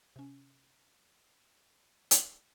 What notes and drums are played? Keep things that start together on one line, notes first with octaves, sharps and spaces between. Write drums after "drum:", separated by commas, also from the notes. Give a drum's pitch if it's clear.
C3 C#4
drum: hi-hat